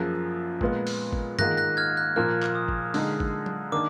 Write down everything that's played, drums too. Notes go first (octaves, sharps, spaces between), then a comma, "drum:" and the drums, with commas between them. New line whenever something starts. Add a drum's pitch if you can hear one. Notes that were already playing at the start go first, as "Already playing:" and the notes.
Already playing: F#2 F3 A#3 F4 G#4 F#6 A#6
A#2 G#3 B3 F4, drum: kick
drum: open hi-hat
drum: kick
G#2 D#3 A#3 F4 G#4 F#6 A#6, drum: tom
F#6 A#6
F6 G#6
F#6
A#2 F3 A#3 F6
drum: clap
D#6
drum: kick
D3 G#3 D#4 G#4, drum: open hi-hat
drum: kick
drum: tom F#3
D#3 A#3 D4 D6